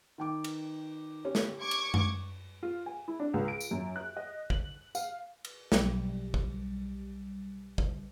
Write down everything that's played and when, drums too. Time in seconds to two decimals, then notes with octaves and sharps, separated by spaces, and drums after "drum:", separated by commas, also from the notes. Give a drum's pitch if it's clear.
0.18 D#3 G5 D6
0.44 drum: cymbal
1.25 C#4 G4 C#5
1.35 drum: snare
1.60 C#6 D6 G#6
1.71 drum: cymbal
1.94 drum: tom F#2
2.63 F4
2.86 G#5
3.08 E4
3.20 D4
3.34 C#2
3.48 D7
3.60 drum: tambourine
3.71 F#2
3.96 F#6
4.17 D#5
4.50 F#7, drum: kick
4.95 F5, drum: tambourine
5.45 drum: cymbal
5.72 B1 G3, drum: snare
6.34 drum: kick
7.78 drum: kick